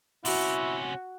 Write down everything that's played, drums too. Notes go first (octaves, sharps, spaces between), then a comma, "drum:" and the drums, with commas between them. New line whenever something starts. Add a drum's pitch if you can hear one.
C3 C#4 E4 F#4, drum: open hi-hat